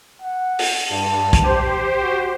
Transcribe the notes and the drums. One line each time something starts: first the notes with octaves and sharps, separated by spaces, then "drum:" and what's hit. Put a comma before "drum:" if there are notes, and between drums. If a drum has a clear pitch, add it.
F#5
drum: open hi-hat
G2 A5
drum: kick, hi-hat
G4 C5
F#4